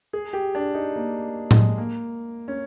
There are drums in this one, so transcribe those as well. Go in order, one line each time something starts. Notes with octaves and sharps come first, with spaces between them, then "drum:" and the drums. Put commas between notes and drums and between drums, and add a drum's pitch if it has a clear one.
G#4
G4
D4
D#4
A#3
G#3, drum: tom A2
A#3
C#4